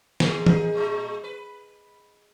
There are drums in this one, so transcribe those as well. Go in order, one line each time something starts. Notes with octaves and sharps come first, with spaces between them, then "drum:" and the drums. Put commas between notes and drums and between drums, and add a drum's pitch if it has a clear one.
G#2 E3 G#4, drum: snare
A#3 D#4 G#4, drum: tom
A#2 G#3 D#4
B4